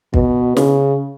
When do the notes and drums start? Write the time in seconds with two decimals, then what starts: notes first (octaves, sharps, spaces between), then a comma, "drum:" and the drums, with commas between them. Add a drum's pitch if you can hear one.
0.14 B2, drum: kick
0.57 C#3, drum: snare